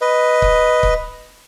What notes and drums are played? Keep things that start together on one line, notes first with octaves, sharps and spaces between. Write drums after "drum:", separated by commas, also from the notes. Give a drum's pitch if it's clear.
B4 D#5
drum: kick C#1
drum: kick C#1